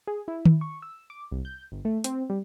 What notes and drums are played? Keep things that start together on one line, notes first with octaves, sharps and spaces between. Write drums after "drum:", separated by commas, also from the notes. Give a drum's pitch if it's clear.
G#4
E4
drum: tom D#3
C#6
E6
D6
C2
G6
G1
A3
C4, drum: hi-hat
G3